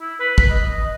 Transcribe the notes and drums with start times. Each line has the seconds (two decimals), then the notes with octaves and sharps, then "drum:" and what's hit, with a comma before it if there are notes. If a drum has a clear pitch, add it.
0.01 E4
0.20 B4
0.38 B4, drum: kick
0.50 D#5
0.67 D#5